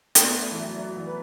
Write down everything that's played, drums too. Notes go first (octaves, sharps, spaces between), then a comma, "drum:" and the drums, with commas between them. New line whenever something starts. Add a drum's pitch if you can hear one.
A3, drum: hi-hat
B3 D5
A3 D5
E3
F#3 E5
F#3 D5
E3
B4